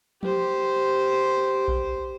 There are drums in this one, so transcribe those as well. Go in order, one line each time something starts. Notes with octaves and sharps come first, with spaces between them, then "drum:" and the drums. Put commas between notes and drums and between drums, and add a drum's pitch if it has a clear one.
G4 C5, drum: tom F3
drum: kick A#1